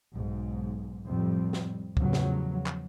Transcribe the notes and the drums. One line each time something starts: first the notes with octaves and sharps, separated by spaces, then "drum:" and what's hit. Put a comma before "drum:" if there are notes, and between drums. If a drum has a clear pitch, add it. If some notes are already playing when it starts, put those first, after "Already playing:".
B1 G#2
F2 A2 C3 G3
drum: snare
E2 A2 C#3 F3 F#3, drum: kick
drum: snare
drum: clap